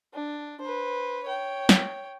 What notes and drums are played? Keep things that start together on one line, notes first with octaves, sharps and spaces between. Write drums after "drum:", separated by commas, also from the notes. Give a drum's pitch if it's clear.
D4
B4 C5
C#5 G5
drum: snare